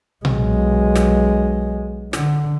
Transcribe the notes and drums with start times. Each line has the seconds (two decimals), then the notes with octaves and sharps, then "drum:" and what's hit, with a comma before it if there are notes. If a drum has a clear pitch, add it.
0.25 B1 G#3, drum: tom A#2
0.96 drum: snare
2.13 D3, drum: snare